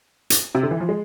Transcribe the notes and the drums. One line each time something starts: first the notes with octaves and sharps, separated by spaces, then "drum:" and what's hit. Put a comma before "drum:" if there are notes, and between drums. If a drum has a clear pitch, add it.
drum: hi-hat
C3
D3
E3
F3
G#3